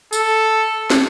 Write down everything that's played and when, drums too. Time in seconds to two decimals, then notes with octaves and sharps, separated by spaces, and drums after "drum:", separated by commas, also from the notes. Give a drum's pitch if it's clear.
0.13 A4, drum: tambourine
0.90 drum: snare